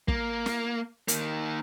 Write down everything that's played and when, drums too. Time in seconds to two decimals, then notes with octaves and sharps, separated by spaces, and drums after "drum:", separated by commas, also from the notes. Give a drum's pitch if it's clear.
0.08 A#3, drum: kick
0.46 drum: snare
1.08 D#3 A#3, drum: hi-hat